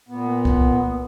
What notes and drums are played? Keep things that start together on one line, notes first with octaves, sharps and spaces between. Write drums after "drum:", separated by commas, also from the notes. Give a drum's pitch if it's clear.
A#2 B3
drum: kick